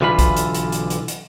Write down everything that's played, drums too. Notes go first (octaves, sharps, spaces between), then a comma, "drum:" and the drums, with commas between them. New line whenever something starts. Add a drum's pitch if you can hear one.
B1 D3 E3 F4 B5
drum: kick, hi-hat
drum: hi-hat
drum: hi-hat
drum: hi-hat
drum: hi-hat
drum: hi-hat